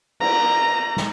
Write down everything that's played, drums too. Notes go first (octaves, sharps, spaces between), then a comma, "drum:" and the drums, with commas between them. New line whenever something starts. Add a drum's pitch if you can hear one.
A#5, drum: cymbal
drum: snare